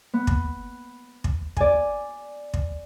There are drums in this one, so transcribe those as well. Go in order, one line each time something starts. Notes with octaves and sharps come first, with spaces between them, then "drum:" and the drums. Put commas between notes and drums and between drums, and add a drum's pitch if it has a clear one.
B3
drum: kick
drum: kick
D5 G#5, drum: kick
drum: kick